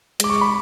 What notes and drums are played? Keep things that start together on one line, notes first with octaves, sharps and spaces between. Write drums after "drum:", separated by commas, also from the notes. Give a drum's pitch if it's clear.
G#3 D6, drum: hi-hat
C#6
B5